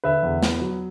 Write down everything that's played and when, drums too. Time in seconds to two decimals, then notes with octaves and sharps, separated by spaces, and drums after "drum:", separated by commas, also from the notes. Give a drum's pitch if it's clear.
0.04 D3 B4 E5
0.23 E2
0.43 B3, drum: snare
0.61 F#3